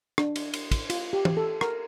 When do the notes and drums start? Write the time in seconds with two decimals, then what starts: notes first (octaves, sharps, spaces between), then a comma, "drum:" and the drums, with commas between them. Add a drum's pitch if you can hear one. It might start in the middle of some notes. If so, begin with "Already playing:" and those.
0.18 D4, drum: rim click
0.36 drum: cymbal
0.54 drum: cymbal
0.71 drum: kick, cymbal
0.90 F4, drum: cymbal
1.13 G4
1.25 drum: tom
1.37 A4
1.61 A#4, drum: rim click